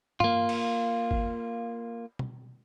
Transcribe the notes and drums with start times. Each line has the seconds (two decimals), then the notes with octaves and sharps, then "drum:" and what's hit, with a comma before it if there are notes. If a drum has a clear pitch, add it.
0.20 A#3 F4, drum: tom G2
0.49 drum: cymbal
1.11 drum: kick G#1
2.19 drum: tom B2